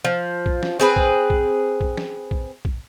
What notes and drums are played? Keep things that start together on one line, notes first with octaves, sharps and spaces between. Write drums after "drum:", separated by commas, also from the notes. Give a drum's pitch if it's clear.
F3
drum: kick A#1
drum: snare
C4 G#4 B4
drum: kick A#1
drum: kick A#1
drum: kick A#1
drum: snare
drum: kick A#1
drum: kick A#1